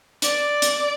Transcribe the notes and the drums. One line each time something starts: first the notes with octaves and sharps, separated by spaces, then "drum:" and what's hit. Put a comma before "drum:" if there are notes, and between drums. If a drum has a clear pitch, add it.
D5, drum: hi-hat
drum: hi-hat